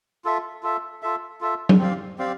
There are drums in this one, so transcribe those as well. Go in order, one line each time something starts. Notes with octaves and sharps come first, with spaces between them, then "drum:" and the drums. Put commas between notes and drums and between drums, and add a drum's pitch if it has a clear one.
F4 A4 E5
F4 A4 E5
F4 A4 E5
F4 A4 E5
drum: tom F#3
C4 G4 D5 F5
C4 G4 D5 F5